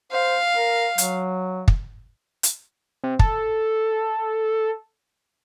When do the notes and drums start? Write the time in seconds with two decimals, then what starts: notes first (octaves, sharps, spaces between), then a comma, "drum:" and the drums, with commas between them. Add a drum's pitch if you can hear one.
0.12 C5 F5
0.55 A#4
0.98 F#3, drum: hi-hat
1.68 drum: kick
2.43 drum: hi-hat
3.04 C3
3.19 A4, drum: kick